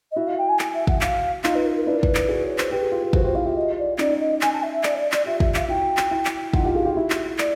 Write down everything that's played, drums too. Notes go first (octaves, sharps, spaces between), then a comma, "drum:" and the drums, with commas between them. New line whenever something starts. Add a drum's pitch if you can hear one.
D#5
E4 F#4 E5
F5
G5
G#5
drum: clap
E5
F#5, drum: kick
F5, drum: clap
D#4 F4 F5, drum: clap
B4
A#4
A#4
D4 E4 B4
A#4
B4, drum: kick
drum: clap
F#4 G#4
C#5
C5, drum: clap
G4 B4
G#4
F4 G4
F#4 G#4 C5, drum: kick
F4 G4 C5
E4 F#4 F5
F4 G4 E5
D#5
D5
C#4 D#4 D5, drum: clap
D#5
G#5, drum: clap
A5
E5
E5
D5, drum: clap
C#5
D5
D5, drum: clap
F4 G4 E5
E5, drum: kick
F5, drum: clap
E4 F#4 G5
drum: clap
E4 F#4
drum: clap
D#4 F4 F#5, drum: kick
F4 G4
F#4 G#4 F5
F4 G4
E4 F#4 E5
drum: clap
D5, drum: clap